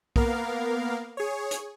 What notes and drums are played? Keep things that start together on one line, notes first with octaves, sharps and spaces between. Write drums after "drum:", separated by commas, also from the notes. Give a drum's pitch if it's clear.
A#3 B3 A#4 F5, drum: kick
G#4 C#5
drum: hi-hat